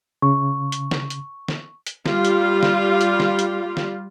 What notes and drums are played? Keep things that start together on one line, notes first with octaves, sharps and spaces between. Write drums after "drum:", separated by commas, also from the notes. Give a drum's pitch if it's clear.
C#3 C#6
drum: hi-hat
drum: snare
drum: hi-hat
drum: snare
drum: hi-hat
G3 F4, drum: snare
drum: hi-hat
drum: snare
drum: hi-hat
drum: snare
drum: hi-hat
drum: snare